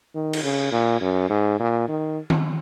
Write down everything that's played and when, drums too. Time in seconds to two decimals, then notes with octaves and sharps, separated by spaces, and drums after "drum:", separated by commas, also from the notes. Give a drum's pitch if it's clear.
0.15 D#3
0.33 drum: cymbal
0.44 C#3
0.72 A#2
1.01 F#2
1.30 G#2
1.59 A#2
1.88 D#3
2.30 drum: tom D#3